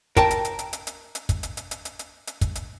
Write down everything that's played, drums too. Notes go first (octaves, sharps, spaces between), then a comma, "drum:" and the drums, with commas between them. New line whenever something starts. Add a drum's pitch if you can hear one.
A#4 G5 A5, drum: kick, hi-hat
drum: hi-hat
drum: hi-hat
drum: hi-hat
drum: hi-hat
drum: hi-hat
drum: hi-hat
drum: kick, hi-hat
drum: hi-hat
drum: hi-hat
drum: hi-hat
drum: hi-hat
drum: hi-hat
drum: hi-hat
drum: kick, hi-hat
drum: hi-hat